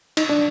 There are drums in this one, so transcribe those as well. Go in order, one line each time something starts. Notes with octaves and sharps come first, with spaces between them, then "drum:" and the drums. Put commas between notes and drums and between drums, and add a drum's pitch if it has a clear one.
D#4, drum: cymbal
D4